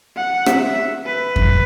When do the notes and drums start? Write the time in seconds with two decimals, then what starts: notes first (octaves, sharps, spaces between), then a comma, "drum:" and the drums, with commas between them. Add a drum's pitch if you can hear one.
0.16 F#5
0.46 E5, drum: rim click
1.06 B4
1.36 drum: kick F2